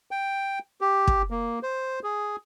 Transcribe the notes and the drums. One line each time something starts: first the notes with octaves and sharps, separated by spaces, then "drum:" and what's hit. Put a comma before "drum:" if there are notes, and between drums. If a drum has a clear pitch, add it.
G5
G4
drum: kick
A#3
C5
G#4